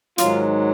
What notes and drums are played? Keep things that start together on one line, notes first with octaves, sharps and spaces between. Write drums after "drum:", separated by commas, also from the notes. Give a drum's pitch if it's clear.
G#2 D#3 F#3 F4, drum: hi-hat